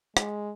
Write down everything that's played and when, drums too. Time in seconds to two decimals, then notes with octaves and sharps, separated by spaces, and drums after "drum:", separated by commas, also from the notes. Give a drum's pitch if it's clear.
0.17 G#3, drum: rim click